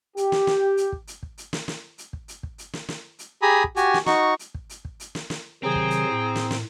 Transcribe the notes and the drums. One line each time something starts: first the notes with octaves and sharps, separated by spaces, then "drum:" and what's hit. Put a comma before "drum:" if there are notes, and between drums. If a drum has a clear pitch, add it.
G4, drum: hi-hat
drum: snare
drum: snare
drum: hi-hat
drum: kick
drum: hi-hat
drum: kick
drum: hi-hat
drum: snare
drum: snare
drum: hi-hat
drum: kick
drum: hi-hat
drum: kick
drum: hi-hat
drum: snare
drum: snare
drum: hi-hat
G4 G#4 G#5 A#5 B5 D#6
drum: kick
F#4 G4 G#5, drum: hi-hat
drum: snare
D#4 F#4 C#6, drum: snare
drum: hi-hat
drum: kick
drum: hi-hat
drum: kick
drum: hi-hat
drum: snare
drum: snare
C3 D#3 F#3 C4 G#4 A#5
drum: kick
drum: hi-hat
A2
drum: snare
drum: snare